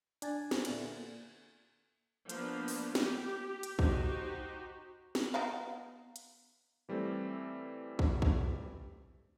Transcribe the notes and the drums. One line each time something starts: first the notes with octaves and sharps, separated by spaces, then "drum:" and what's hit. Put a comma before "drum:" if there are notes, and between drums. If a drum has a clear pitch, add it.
D4 G#5 A6, drum: hi-hat
C5 G5, drum: snare
A#2 D3 E3, drum: cymbal
F3 A#3 B3 D4, drum: hi-hat
drum: open hi-hat
G4, drum: snare
drum: hi-hat
D#4 F#4 G4 C5, drum: kick
drum: snare
B3 D#4 F5
drum: hi-hat
E3 G3 A3 C4 A4
drum: kick
drum: kick